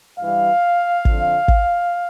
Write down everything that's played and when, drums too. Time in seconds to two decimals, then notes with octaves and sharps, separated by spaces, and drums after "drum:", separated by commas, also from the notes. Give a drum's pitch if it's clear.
0.18 G2 E3 G3 F5
1.05 F2 D3 F3, drum: kick
1.48 drum: kick